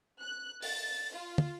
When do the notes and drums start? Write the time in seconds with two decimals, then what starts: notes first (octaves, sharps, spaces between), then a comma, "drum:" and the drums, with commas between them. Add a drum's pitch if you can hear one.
0.21 F#6
0.62 A6, drum: open hi-hat
1.13 F4
1.38 drum: tom